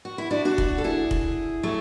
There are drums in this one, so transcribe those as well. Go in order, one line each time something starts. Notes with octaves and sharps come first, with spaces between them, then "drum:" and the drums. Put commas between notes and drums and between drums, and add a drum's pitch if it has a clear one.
F#4
E4
D4 F#4
D4 F#4
drum: kick
A4
E4 G#4
drum: kick
F#3 A3